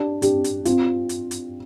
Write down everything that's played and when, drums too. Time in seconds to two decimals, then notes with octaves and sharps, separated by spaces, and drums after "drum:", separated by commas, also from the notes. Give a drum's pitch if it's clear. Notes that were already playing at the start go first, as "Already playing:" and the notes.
Already playing: D4 G4
0.22 D4 G4, drum: hi-hat
0.44 drum: hi-hat
0.65 C4 F4, drum: hi-hat
1.09 drum: hi-hat
1.31 drum: hi-hat